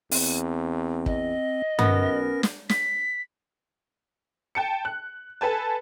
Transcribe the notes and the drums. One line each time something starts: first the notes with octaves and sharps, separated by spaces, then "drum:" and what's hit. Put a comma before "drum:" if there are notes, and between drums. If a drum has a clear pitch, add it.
E2 C4, drum: open hi-hat
D#5, drum: kick
B1 B3 C#4 A#4 A#6, drum: tom G2
drum: snare
B6, drum: snare
G5 A5 C#7
F#6
A4 B4 G#5 A5